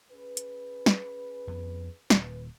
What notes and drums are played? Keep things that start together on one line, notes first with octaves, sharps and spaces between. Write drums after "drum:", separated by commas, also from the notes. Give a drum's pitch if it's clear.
C#4 G#4 B4
drum: hi-hat
drum: snare
F2 B3
D#1 D#3 B4, drum: snare